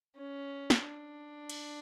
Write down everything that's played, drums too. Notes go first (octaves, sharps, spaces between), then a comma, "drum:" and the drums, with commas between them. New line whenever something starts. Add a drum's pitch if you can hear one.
C#4
drum: snare
D4
drum: cymbal